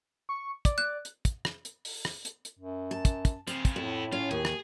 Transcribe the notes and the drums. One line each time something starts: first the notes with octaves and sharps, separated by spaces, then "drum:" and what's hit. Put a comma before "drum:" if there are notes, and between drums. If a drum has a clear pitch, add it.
C#6
D5, drum: kick, hi-hat
F#6
drum: hi-hat
drum: kick, hi-hat
drum: rim click
drum: hi-hat
drum: open hi-hat
drum: rim click
drum: hi-hat
drum: hi-hat
F#2
A5
drum: kick, hi-hat
drum: kick, hi-hat
C#3 F3 C4, drum: hi-hat
drum: kick, hi-hat
F2 A2 B3 E4
C#4 F4
D#2 G#4
drum: rim click